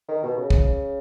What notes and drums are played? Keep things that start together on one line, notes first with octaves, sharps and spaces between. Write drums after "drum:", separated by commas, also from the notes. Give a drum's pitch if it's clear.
D#3
B2
C#3
drum: kick